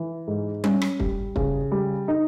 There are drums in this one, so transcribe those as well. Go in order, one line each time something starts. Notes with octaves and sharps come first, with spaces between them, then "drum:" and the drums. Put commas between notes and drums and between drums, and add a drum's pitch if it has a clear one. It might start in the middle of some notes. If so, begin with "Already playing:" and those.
Already playing: E3
G#2
C#4, drum: tom G3
drum: rim click
G3, drum: kick
C#3, drum: kick
G3
D#4